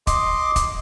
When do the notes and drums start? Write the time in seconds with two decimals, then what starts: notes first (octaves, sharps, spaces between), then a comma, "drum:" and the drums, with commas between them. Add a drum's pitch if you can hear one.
0.07 D#5 C6 D6, drum: kick, hi-hat
0.56 drum: kick, hi-hat